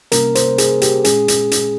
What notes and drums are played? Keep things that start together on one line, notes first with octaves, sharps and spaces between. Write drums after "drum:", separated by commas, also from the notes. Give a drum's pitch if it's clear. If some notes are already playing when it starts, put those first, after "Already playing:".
C3 G3 A#3 C#4 A#4, drum: hi-hat
C5, drum: hi-hat
G#4, drum: hi-hat
G4, drum: hi-hat
A#2 G#3 C#4 G#4, drum: hi-hat
drum: hi-hat
drum: hi-hat